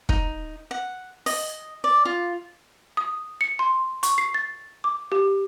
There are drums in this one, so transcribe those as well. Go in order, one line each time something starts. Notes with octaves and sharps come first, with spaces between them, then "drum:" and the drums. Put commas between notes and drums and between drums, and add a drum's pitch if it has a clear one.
D#4, drum: kick
F#5
D#5, drum: open hi-hat
D5
F4
D#6
C#7
C6
C#6, drum: hi-hat
C7
A6
D6
G4